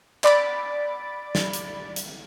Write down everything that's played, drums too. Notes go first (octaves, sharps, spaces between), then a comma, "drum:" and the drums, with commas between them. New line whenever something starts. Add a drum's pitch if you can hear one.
D5 B5 A6 D7, drum: clap
drum: snare
drum: hi-hat
drum: hi-hat